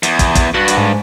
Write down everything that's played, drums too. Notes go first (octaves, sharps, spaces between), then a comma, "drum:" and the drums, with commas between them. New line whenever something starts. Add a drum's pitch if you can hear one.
E2, drum: hi-hat
drum: kick, hi-hat
drum: kick, hi-hat
G2 F#4
drum: hi-hat
G#2